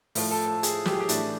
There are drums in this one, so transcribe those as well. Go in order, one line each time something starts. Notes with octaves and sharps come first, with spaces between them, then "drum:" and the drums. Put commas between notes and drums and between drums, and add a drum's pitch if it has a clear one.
A2 F3, drum: open hi-hat
A4
A4
G#4, drum: hi-hat
G4, drum: snare
G#4
G4
A2 E3 D4, drum: hi-hat